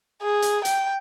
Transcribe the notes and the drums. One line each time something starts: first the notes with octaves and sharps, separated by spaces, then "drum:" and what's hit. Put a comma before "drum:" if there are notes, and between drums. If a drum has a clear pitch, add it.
G#4
drum: hi-hat
G5, drum: hi-hat